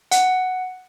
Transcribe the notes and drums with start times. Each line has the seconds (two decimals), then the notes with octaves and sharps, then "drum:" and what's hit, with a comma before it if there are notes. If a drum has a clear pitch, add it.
0.11 F#5, drum: hi-hat